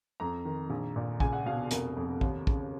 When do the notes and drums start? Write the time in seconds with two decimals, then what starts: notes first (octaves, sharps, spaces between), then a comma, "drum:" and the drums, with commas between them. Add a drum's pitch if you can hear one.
0.20 F2 A#5
0.45 D#3
0.70 A#1
0.96 A#2
1.20 C#2 G#5, drum: kick
1.33 F#5
1.46 B2 F5
1.71 F1 A#4, drum: hi-hat
1.97 F2
2.21 D#2, drum: kick
2.47 C#3, drum: kick